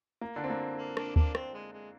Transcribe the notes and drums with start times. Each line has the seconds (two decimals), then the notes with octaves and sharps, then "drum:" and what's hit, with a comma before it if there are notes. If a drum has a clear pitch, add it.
0.21 A#3
0.36 D3 D4
0.44 C4
0.50 A#3
0.78 A#3
0.97 A#3 D4, drum: rim click
1.16 A#3 D4, drum: kick D2
1.35 C4, drum: rim click
1.54 G#3
1.73 G#3